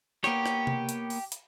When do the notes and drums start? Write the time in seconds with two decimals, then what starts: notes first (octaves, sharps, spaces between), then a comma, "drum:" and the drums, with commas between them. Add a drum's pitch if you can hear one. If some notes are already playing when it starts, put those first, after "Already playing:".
0.24 A#3 B3 G4 C#5, drum: rim click
0.46 drum: rim click
0.67 drum: tom
0.89 drum: hi-hat
1.10 drum: open hi-hat
1.32 drum: hi-hat